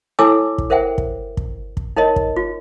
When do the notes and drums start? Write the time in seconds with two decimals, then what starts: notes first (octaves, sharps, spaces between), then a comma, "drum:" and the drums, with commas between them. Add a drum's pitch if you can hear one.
0.19 E4 A4 C#5 G#5 D6 E6
0.58 drum: kick
0.70 A#4 C5 E5 F#5 G5
0.98 drum: kick
1.37 drum: kick
1.77 drum: kick
1.97 D#4 A#4 C#5 D#5
2.16 drum: kick
2.36 F4